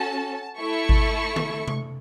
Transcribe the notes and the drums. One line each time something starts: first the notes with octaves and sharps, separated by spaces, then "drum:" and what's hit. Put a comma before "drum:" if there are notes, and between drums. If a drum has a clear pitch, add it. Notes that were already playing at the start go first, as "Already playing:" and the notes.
Already playing: C#4 F#4 A4 A5
A3 E4 A4 C#6
drum: kick G#1
drum: tom D3
drum: tom C3